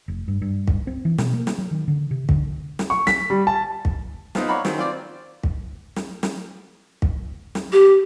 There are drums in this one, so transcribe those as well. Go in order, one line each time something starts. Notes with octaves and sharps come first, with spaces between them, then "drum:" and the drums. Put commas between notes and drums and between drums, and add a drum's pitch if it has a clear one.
F1
G2
G2
drum: kick
C4
E3
B2, drum: snare
A#3
drum: snare
F#3
D#3
D3
C3
D3, drum: kick
drum: snare
C#6
B6, drum: snare
G3
A5
drum: kick
F3 B3 C4 D#4 D#5 F5, drum: snare
C#5 D5 F5 F#5 A#5 B5
D#3 F#3 C4 C#4, drum: snare
C4 F4 D5
drum: kick
drum: snare
drum: snare
drum: kick
drum: snare
G4